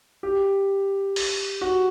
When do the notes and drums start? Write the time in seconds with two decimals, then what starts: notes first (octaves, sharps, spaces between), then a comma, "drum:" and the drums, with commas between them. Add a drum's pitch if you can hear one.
0.23 G4
1.16 drum: open hi-hat
1.61 F#4